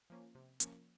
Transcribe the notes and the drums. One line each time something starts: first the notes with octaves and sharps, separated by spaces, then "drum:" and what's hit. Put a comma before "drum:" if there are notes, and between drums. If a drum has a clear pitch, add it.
F3 A#3 C#4
C3
F3 A#3 C#4, drum: hi-hat